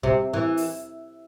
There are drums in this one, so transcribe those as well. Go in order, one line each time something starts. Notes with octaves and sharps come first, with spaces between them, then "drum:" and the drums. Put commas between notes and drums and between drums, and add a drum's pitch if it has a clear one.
C3, drum: kick
E3
drum: open hi-hat